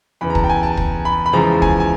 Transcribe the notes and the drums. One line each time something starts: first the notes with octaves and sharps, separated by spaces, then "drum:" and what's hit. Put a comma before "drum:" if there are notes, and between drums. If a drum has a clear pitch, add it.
E2 C#3 E3 B5
A#5
A5, drum: kick
G5
G#5
A5
drum: kick
B5
B5
E2 C#3 F3 G#3 A#5
G#5, drum: kick
G#5